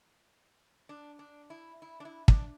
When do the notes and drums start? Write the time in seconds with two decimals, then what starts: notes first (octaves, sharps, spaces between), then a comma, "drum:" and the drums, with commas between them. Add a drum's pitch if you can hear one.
0.89 D4
1.19 D4
1.50 E4
1.82 E4
2.00 D4
2.05 E4
2.28 D4, drum: kick